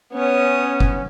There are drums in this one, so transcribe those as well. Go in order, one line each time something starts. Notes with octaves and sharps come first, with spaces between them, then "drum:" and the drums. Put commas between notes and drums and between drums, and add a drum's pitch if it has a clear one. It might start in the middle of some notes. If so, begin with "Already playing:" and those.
B3 C#4 C#5 D#6
drum: kick F#1